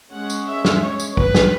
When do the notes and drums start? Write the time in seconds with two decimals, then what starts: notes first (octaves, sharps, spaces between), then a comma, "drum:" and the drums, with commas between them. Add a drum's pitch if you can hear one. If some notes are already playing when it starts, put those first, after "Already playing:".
0.12 G#3 C#4 F#5
0.30 drum: tambourine
0.47 E5
0.65 drum: snare
0.82 C#5
1.00 drum: tambourine
1.17 B4, drum: kick
1.35 drum: snare